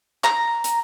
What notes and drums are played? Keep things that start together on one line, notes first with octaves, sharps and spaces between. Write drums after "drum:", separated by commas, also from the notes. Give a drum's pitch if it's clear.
A#5, drum: clap
drum: hi-hat